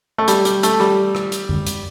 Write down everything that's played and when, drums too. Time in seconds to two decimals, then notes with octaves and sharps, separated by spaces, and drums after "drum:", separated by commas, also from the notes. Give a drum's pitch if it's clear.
0.18 A3
0.28 G3, drum: hi-hat
0.45 G3, drum: hi-hat
0.63 A3, drum: hi-hat
0.80 G3, drum: rim click
1.15 drum: rim click
1.32 drum: hi-hat
1.49 drum: tom
1.67 drum: hi-hat